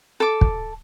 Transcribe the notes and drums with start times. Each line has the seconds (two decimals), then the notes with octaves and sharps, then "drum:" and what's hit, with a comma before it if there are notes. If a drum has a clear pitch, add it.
0.20 A4 D6
0.41 drum: kick